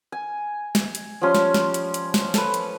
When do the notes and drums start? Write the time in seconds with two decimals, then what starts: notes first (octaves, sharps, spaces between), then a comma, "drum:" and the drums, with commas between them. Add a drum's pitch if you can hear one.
0.12 G#5
0.75 drum: snare
0.95 drum: hi-hat
1.22 F3 G3 C#4 C6
1.35 drum: snare
1.54 drum: snare
1.74 drum: hi-hat
1.94 drum: hi-hat
2.14 drum: snare
2.34 A4 B4, drum: snare
2.54 drum: hi-hat